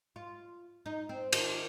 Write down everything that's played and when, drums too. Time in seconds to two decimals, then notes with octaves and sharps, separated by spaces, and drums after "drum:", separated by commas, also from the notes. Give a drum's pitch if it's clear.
0.16 F4
0.86 D#4
1.09 C4
1.33 D#3, drum: cymbal